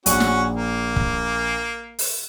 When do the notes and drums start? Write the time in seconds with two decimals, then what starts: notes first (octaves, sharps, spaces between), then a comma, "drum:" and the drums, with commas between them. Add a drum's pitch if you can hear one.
0.06 A#1 C#4 F#4, drum: hi-hat
0.20 drum: snare
0.56 A#3
0.96 drum: kick
1.99 drum: open hi-hat